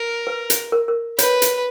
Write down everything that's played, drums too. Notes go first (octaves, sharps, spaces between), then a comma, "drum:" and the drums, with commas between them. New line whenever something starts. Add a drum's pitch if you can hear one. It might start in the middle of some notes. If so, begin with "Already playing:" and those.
Already playing: A#4
B4
drum: hi-hat
A#4
A#4
B4 C#5, drum: hi-hat
drum: hi-hat